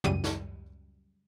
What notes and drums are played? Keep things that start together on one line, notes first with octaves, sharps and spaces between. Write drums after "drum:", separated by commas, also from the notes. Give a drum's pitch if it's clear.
C#2 F#2 G3 D#7, drum: tom
drum: snare